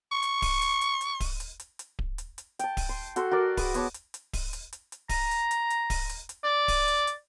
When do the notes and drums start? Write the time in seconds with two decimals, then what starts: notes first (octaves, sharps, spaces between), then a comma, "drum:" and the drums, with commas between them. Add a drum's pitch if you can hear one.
0.12 C#6
0.23 drum: hi-hat
0.42 drum: kick D1, open hi-hat
0.62 drum: hi-hat
0.81 drum: hi-hat
1.01 drum: hi-hat
1.20 drum: kick D1, open hi-hat
1.40 drum: hi-hat
1.60 drum: hi-hat
1.79 drum: hi-hat
1.99 drum: kick D1
2.18 drum: hi-hat
2.38 drum: hi-hat
2.59 G5 A5, drum: hi-hat
2.77 drum: kick D1, open hi-hat
2.89 C6
3.16 F#4 A4 C6, drum: hi-hat
3.31 F#4 A#4 D5
3.57 G#4 B4, drum: kick D1, open hi-hat
3.74 B3 C#5 A5 D6, drum: hi-hat
3.94 drum: hi-hat
4.14 drum: hi-hat
4.33 drum: kick D1, open hi-hat
4.53 drum: hi-hat
4.73 drum: hi-hat
4.92 drum: hi-hat
5.09 A#5, drum: kick D1, open hi-hat
5.31 drum: hi-hat
5.51 drum: hi-hat
5.70 drum: hi-hat
5.90 drum: kick D1, open hi-hat
6.09 drum: hi-hat
6.29 drum: hi-hat
6.44 D5
6.68 drum: kick D1, open hi-hat
6.88 drum: hi-hat
7.07 drum: hi-hat